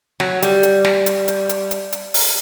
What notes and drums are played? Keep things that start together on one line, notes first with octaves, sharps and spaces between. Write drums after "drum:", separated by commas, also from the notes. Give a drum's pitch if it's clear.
F#3, drum: snare
G3, drum: hi-hat
drum: hi-hat
drum: snare
drum: hi-hat
drum: hi-hat
drum: hi-hat
drum: hi-hat
drum: hi-hat
drum: open hi-hat